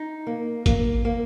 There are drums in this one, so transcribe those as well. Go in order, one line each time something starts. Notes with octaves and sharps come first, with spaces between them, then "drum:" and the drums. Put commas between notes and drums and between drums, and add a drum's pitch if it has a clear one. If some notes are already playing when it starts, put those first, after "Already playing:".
Already playing: D#4
A#3
A#3, drum: kick G1, hi-hat
A#3